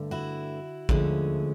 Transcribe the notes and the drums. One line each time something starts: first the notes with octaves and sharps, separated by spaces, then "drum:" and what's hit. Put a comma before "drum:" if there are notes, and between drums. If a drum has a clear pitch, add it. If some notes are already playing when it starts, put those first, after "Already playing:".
Already playing: G2 D3 A3
E4 F#4
D2 D3 F3 G#3 C#4, drum: kick